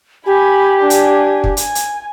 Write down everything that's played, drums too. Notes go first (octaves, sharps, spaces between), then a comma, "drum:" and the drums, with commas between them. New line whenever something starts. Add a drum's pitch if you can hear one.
G4 G#5 B5
D4 G#5
drum: hi-hat
drum: kick
G#5, drum: hi-hat
drum: hi-hat